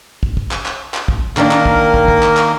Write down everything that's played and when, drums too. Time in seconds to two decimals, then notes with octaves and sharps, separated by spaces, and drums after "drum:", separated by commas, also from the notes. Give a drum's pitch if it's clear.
0.23 drum: kick
0.37 drum: kick
0.51 drum: clap
0.66 drum: clap
0.94 drum: clap
1.08 drum: kick
1.37 D#3 A#3 D4 A#4, drum: clap
1.51 drum: clap
1.65 drum: kick
1.94 drum: kick
2.08 drum: kick
2.23 drum: clap
2.37 drum: clap